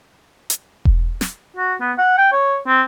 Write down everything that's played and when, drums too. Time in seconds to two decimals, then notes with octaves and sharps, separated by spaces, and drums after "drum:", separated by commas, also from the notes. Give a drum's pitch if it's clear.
0.50 drum: hi-hat
0.85 drum: kick E1
1.21 drum: snare
1.56 F#4
1.80 B3
1.98 F#5
2.18 G5
2.32 C#5
2.67 C4